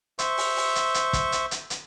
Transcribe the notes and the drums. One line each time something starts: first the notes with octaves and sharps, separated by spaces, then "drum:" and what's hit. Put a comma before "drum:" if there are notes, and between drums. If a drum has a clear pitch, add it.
C5 E5 C#6, drum: hi-hat
drum: open hi-hat
drum: open hi-hat
drum: hi-hat
drum: hi-hat
drum: kick, hi-hat
drum: hi-hat
drum: hi-hat
drum: hi-hat